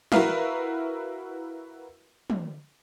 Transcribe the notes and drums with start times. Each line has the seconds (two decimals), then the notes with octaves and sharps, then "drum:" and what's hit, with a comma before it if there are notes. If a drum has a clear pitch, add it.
0.12 E4 F#4 A#4 B4 E5 F5, drum: snare
2.30 drum: tom